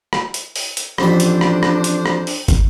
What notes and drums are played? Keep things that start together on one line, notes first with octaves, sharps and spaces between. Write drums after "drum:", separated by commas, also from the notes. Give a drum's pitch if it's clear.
drum: rim click
drum: hi-hat
drum: open hi-hat
drum: hi-hat
A1 F2 D4 C5 B5, drum: rim click
drum: hi-hat
drum: rim click
drum: rim click
drum: hi-hat
drum: rim click
drum: open hi-hat
drum: kick, hi-hat